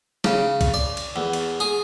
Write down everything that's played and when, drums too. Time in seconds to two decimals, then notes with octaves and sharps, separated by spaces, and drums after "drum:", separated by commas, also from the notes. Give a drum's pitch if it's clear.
0.24 C#3, drum: snare
0.61 drum: kick, cymbal
0.74 D5
0.97 drum: cymbal
1.16 E2
1.33 drum: cymbal
1.60 G#4